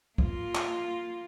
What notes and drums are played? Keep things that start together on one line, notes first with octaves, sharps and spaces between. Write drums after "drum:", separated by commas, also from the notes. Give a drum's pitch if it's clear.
A#3 F4, drum: kick
drum: clap